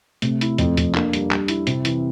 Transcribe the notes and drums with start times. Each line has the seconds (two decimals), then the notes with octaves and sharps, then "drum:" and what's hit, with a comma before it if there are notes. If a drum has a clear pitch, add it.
0.22 C3 A3, drum: hi-hat
0.41 E4, drum: hi-hat
0.58 F2 C4, drum: hi-hat
0.77 F2, drum: hi-hat
0.95 A#3 D4, drum: clap
1.13 G3, drum: hi-hat
1.31 G3, drum: clap
1.48 E4, drum: hi-hat
1.67 C3 C4, drum: hi-hat
1.85 E3, drum: hi-hat